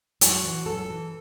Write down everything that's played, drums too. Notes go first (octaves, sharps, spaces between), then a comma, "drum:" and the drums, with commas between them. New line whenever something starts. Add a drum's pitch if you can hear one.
F#2 F#4, drum: hi-hat
E3
F#2 A4
E3